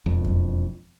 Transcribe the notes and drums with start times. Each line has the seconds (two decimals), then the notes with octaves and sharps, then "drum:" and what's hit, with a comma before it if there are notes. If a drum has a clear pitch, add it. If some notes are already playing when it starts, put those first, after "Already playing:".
0.06 E1 F2
0.24 drum: kick F2